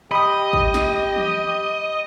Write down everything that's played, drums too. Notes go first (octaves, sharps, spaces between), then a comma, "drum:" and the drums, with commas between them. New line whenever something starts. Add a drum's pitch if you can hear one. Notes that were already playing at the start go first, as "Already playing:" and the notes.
G4 D#5 B5 D#6
drum: kick
drum: snare
drum: tom E3